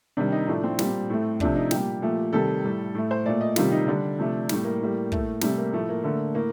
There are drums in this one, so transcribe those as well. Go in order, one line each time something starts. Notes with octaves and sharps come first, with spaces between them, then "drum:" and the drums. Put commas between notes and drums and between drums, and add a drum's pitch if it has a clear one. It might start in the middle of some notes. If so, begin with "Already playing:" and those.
C3 D#3 G3 D4
D#4
A2 F3 A3 D4
C4
A#2 G3, drum: snare
A2 A3
C3 F3 A3 D4, drum: kick
D#4
A#2 G3 G4, drum: snare
A#2 F3 A3
C3 D#3 G3 A4
A2 G3
A2 A3
C5
A#2 A3 D5
D#5
C3 D#3 G3 F4, drum: snare
D#4
D3 G3 D4
C3 F3 A3
A2 G3, drum: snare
A#3
A2 G3
A2 A3, drum: kick
C3 G3 A3, drum: snare
A#3
A2 F3 A3
A#3
D3 A3
A2 A#3